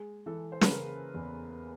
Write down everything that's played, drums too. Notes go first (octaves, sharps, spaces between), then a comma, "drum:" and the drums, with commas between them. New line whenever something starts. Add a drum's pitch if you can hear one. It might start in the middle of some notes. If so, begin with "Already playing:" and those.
Already playing: G#3 G#4
E3 A4
C5
B4, drum: snare
C#3 A#4
E2